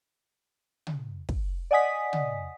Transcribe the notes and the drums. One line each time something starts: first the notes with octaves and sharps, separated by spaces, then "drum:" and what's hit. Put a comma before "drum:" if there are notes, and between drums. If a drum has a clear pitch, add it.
drum: tom
drum: kick
D5 D#5 F#5 G#5 D#6 B6
drum: tom